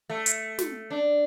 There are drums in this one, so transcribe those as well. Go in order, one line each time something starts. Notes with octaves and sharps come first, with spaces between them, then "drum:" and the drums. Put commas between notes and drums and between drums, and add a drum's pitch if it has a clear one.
A3
drum: hi-hat
drum: snare
D4